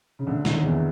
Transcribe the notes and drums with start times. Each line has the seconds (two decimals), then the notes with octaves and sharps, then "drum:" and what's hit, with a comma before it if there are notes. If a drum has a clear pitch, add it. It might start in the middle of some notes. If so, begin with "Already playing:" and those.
0.19 C#3
0.27 D2 D3
0.45 D#2 D#3, drum: snare
0.63 E2 E3